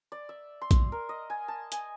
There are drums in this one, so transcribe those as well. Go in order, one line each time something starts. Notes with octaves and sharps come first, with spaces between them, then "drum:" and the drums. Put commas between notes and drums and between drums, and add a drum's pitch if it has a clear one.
D5
E5
C6
drum: kick A#1, hi-hat
A#4
D#5
G#5
A5
G#5, drum: hi-hat